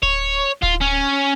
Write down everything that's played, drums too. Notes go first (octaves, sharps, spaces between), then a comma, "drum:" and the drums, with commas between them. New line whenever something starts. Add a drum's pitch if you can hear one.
C#5, drum: kick D1
F4, drum: kick D1
C#4